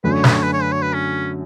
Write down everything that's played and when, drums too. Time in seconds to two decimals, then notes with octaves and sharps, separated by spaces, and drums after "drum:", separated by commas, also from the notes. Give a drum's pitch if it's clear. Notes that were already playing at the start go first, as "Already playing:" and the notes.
0.04 F#2 D3 A3 B4
0.13 C#5
0.24 B4, drum: snare
0.34 C#5
0.43 B4
0.53 C#5
0.63 B4
0.72 C#5
0.82 B4
0.94 C#4